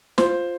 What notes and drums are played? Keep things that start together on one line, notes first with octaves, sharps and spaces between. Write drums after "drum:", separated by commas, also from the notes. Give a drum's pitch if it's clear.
F4 C5, drum: snare